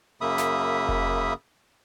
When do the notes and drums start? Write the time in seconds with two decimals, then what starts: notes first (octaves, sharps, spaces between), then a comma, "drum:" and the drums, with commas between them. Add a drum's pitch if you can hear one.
0.21 F#2 C#3 A#3 E5 B5 D#6
0.38 drum: snare
0.89 drum: kick F1